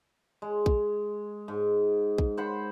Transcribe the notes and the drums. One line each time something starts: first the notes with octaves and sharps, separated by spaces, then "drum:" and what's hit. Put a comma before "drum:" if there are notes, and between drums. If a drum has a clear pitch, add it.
G#3
drum: kick
G#2
drum: kick
C5 F#5 B5